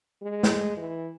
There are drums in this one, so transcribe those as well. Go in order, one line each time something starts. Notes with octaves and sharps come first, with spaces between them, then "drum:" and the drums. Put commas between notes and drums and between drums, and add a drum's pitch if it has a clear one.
G#3
drum: snare
E3